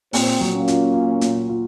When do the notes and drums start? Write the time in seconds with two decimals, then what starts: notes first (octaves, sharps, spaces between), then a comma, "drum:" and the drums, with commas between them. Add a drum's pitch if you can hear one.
0.13 A#2 C4, drum: open hi-hat
0.41 F#3
0.53 A#3 C#4
0.68 F4, drum: hi-hat
0.94 F4
1.21 A#2, drum: hi-hat
1.49 F4